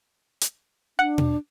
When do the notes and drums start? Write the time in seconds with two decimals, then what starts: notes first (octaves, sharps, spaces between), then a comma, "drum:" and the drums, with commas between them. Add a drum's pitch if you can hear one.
0.41 drum: hi-hat
0.99 D4 F#5
1.18 drum: tom B2